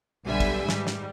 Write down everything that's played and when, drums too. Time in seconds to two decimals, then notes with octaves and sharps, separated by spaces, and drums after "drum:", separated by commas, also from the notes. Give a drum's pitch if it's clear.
0.25 B1 D3 G3 B4 E5 G#5
0.40 drum: kick, cymbal
0.69 G#2 D#3 G3, drum: snare
0.87 drum: snare